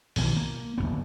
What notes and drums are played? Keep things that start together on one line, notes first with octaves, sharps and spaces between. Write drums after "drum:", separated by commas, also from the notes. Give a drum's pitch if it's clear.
B1 B2 D#3 E3, drum: open hi-hat
A#3
D1 E2 B3